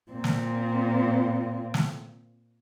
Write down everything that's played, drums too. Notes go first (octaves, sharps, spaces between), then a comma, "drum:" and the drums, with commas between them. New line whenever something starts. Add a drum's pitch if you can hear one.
A#2 C4
drum: snare
drum: snare